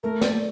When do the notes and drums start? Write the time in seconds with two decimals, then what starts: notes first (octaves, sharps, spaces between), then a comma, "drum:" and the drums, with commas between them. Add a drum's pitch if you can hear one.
0.03 A3 A#4
0.21 D5, drum: snare